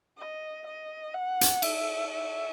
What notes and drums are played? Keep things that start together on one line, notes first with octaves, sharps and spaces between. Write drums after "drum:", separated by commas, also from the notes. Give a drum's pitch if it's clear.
D#5
D#5
F#5
drum: hi-hat
E5, drum: cymbal
E5